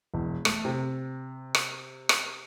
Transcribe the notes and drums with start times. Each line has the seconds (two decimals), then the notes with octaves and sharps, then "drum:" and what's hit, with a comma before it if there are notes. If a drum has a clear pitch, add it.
0.14 E1
0.45 A3, drum: rim click
0.65 C3
1.55 drum: rim click
2.09 drum: rim click